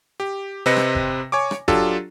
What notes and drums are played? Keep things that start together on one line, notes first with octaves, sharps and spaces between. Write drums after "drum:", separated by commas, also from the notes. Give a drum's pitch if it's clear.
G4
C3 C4 B4 D#5 A#6 C#7
drum: rim click
drum: kick F#1
C#5 G#5 C#6 D6
drum: rim click
F#3 D4 F4 G4 A4, drum: kick F#1